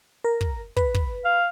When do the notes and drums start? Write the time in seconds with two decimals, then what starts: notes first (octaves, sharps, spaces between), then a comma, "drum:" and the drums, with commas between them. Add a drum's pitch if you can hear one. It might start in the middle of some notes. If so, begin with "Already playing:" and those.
0.24 A#4
0.41 drum: kick
0.77 B4, drum: kick
0.94 drum: kick
1.25 F5